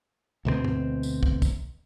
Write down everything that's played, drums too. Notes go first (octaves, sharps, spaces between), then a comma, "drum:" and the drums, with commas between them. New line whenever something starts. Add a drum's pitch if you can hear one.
D2 B2 G3 C4
drum: tom
drum: tambourine
drum: kick
drum: kick, tambourine